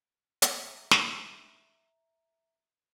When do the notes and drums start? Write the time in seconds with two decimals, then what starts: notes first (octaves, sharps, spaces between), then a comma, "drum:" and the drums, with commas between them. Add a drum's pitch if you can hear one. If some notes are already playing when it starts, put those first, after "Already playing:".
0.42 E5 A#5, drum: hi-hat
0.91 drum: snare